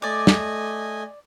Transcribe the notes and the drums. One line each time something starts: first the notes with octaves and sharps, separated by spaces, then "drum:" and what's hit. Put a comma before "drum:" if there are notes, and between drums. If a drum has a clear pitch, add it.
A3 D5 D#5 G#5 D6
drum: snare